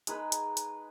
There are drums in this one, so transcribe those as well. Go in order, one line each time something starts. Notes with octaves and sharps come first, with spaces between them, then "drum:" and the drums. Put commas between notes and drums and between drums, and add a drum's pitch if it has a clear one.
G#3 D#4 G#4 B4, drum: hi-hat
drum: hi-hat
drum: hi-hat